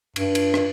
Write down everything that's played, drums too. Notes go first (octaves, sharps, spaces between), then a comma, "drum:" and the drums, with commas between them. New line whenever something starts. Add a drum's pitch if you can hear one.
G2, drum: cymbal
drum: cymbal
drum: rim click